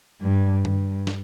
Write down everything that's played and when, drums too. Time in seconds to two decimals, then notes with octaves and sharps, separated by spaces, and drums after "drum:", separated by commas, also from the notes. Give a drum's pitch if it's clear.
0.21 G2
0.65 G2, drum: tom G2
1.07 drum: snare